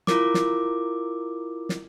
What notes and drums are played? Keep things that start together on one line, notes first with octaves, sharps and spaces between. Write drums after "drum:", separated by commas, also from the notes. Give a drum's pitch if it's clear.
E4 F4 A#4 D6, drum: snare
drum: snare
drum: snare